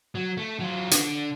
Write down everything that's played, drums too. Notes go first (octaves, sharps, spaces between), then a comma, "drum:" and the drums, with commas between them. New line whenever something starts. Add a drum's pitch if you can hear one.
F#3
A3
F#3 F4
D3, drum: hi-hat